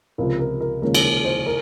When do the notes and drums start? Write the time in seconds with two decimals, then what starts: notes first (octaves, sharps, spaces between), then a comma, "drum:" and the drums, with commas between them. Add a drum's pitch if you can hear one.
0.18 C#2 C3 F3 A#4
0.39 A#4
0.61 A#4
0.82 D#2 C#3 F3 G#3 C#4 A#4
0.95 drum: cymbal
1.04 A#4
1.25 C5
1.46 A#4